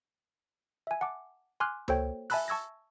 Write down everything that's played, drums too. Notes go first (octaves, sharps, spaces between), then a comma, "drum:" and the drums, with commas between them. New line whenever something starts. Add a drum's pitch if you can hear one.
E5 G#5
F#5 A5 D6
G#5 C6 D6 F6 F#6
A#3 F#4 A4 C5 C#5 G5, drum: tom C#2
E5 G#5 A5 B5 E6 F#6, drum: open hi-hat
A5 C#6 E6 G#6 A#6